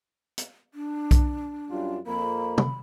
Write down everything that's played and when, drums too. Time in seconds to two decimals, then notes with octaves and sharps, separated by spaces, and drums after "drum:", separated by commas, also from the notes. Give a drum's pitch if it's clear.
0.38 drum: hi-hat
0.74 D4
1.11 drum: kick B1, hi-hat
1.70 F#2 G3 F4
2.07 F2 A#3 B5
2.58 drum: tom